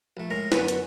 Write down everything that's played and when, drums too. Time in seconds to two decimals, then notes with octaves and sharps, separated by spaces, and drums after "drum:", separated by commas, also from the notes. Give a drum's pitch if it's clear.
0.17 A#1 A3
0.30 A2 G#3 A#4 A#5
0.52 F#2 D3 B3 B4 G#5 C#6, drum: snare
0.68 drum: hi-hat